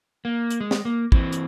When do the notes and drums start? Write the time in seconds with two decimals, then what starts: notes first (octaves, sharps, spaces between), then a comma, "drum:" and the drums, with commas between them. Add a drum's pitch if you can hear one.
0.25 A#3
0.50 drum: hi-hat
0.61 G#3
0.71 drum: snare
0.85 A#3
1.12 E3 C4, drum: kick
1.33 drum: hi-hat